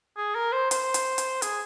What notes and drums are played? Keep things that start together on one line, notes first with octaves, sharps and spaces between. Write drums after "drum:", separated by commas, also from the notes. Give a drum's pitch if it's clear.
G#4
A#4
C5
C5, drum: hi-hat
drum: hi-hat
drum: hi-hat
G#4, drum: hi-hat